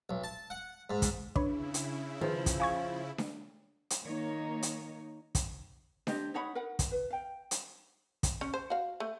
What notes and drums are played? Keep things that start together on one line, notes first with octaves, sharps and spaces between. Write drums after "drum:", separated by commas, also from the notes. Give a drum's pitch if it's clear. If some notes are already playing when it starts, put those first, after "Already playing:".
B1
A5
F#5
G#2
drum: kick, hi-hat
C#3 D4 E4 B4 C#5 B5, drum: kick
drum: hi-hat
D#3 F3 G#4 B4
drum: kick, hi-hat
F5 G#5 C#6 G#6
drum: snare D4
drum: hi-hat
D#3 A#3 D#4 C#5
drum: hi-hat
drum: kick, hi-hat
D4 G4 C5 D#5, drum: snare D4
D#4 C#5 F#5 B5
A#4 F#5
drum: kick, hi-hat
B4
F5 G5
drum: hi-hat
drum: kick, hi-hat
C#4
C5
F#4 F5
A3